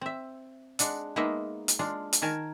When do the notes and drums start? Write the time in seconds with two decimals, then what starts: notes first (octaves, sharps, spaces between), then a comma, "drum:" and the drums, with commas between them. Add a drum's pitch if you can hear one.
0.01 C4 E5
0.79 G#3 D4 F#5, drum: hi-hat
1.16 G#3 A#3 B3 D#4 E5
1.68 drum: hi-hat
1.79 G#3 D4 F4
2.13 drum: hi-hat
2.22 D#3 A#4 G#5 A5